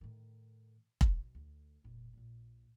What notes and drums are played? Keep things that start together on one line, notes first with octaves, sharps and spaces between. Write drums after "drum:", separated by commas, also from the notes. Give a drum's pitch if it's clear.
A2 D#3
B1, drum: kick
D2
F1 A#2
A#1 A#2